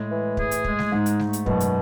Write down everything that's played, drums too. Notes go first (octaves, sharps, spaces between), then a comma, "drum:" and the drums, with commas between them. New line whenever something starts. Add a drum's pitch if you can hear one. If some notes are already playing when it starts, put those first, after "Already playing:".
Already playing: A2 G#3
E3
G#4, drum: kick
drum: hi-hat
G#3, drum: kick
drum: snare G3
G#2 D#4
drum: hi-hat
A3, drum: snare G3
drum: hi-hat
F#2 B2, drum: kick
drum: hi-hat